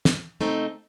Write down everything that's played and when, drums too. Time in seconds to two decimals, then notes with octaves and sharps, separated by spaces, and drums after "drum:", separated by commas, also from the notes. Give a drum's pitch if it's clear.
0.05 drum: snare
0.41 C#3 A3 C4 D#4